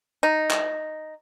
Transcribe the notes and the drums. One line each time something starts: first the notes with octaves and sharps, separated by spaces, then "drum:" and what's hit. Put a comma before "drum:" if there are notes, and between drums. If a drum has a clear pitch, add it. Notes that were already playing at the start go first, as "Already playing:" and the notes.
D#4
drum: clap